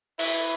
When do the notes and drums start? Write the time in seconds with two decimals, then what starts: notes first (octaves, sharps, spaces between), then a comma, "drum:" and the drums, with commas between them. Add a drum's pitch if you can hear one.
0.19 E4 B4, drum: cymbal